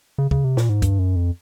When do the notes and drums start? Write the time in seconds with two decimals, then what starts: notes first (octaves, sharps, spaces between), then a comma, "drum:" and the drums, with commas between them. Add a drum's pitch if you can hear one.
0.18 C#3
0.31 C#3, drum: kick
0.44 C3
0.57 A#2, drum: snare
0.69 G#2
0.82 G2, drum: kick, hi-hat
0.99 F#2
1.16 F2